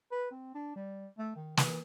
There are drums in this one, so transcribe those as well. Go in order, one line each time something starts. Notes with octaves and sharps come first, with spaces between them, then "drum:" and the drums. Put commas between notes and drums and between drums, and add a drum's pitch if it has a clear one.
B4
C4
D4
G3
A3
D#3
E3, drum: snare